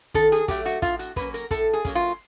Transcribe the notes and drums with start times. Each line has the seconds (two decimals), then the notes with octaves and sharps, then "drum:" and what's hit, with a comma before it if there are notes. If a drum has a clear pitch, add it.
0.14 D#3 A4, drum: kick, hi-hat
0.32 G#4, drum: hi-hat
0.48 F#3 A3 G4, drum: kick, hi-hat
0.66 F#4, drum: hi-hat
0.82 A2 F4, drum: kick, hi-hat
0.99 F#4, drum: hi-hat
1.16 F#3 A#3 C#4 B4, drum: kick, hi-hat
1.34 A#4, drum: hi-hat
1.51 A2 A4, drum: kick, hi-hat
1.73 G#4
1.85 F#3 A#3 C#4, drum: kick, hi-hat
1.95 F4